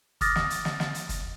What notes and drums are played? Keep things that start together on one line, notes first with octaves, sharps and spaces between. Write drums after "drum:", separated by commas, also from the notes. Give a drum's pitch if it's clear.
D6 D#6 F6 A6 A#6, drum: kick, hi-hat
drum: snare
drum: hi-hat
drum: snare
drum: snare
drum: hi-hat
drum: kick, hi-hat